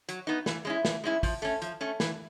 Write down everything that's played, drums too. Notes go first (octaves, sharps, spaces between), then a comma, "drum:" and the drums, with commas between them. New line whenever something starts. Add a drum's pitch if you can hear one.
F#3, drum: hi-hat
B3 D#4
E3, drum: snare
G#3 C#4 E4
E3, drum: snare
G#3 C#4 E4
F3, drum: kick, open hi-hat
A3 C#4
F3, drum: hi-hat
A3 C#4
E3, drum: snare